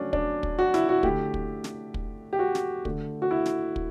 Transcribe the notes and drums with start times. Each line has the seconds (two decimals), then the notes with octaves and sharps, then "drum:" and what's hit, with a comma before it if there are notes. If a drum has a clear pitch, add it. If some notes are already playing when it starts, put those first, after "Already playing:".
Already playing: C#3 F#3 A3 C#4 D4
0.13 D4, drum: kick
0.43 drum: kick
0.59 F#4
0.74 E4, drum: snare
0.89 F#4
1.03 D3 A3 G4, drum: kick
1.34 drum: kick
1.64 drum: snare
1.94 drum: kick
2.33 G4
2.39 F#4
2.55 drum: snare
2.85 D3 A3, drum: kick
3.22 F#4
3.31 E4
3.46 drum: snare
3.76 drum: kick